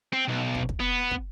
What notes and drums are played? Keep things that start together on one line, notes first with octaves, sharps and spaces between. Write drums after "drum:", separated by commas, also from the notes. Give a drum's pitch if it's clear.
C4
B1
drum: kick
drum: kick
B3
drum: kick